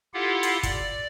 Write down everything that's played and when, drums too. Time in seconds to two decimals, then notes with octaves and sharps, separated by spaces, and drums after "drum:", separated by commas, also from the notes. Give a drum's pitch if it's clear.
0.14 E4 F4 G4 A4 F5 F#5
0.43 drum: hi-hat
0.63 D5, drum: kick, hi-hat